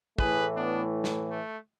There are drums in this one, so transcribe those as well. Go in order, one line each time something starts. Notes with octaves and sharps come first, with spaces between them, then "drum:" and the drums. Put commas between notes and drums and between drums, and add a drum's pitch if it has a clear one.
A2 E3 A3 G#4 B4, drum: kick
B3 D4
drum: snare
A3